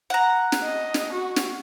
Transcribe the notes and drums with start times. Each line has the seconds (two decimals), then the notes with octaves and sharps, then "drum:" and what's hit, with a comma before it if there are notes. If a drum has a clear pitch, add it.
0.10 F#5 A#5
0.52 drum: snare
0.64 D#5
0.94 drum: snare
1.13 F#4
1.36 drum: snare